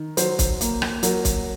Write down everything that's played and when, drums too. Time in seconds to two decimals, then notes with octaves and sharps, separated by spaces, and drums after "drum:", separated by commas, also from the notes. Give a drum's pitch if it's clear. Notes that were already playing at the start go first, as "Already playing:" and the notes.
Already playing: D#3
0.17 F#3 C5, drum: hi-hat
0.39 drum: kick, hi-hat
0.61 A#3, drum: hi-hat
0.82 drum: rim click
1.03 F#3 A#4, drum: hi-hat
1.25 drum: kick, hi-hat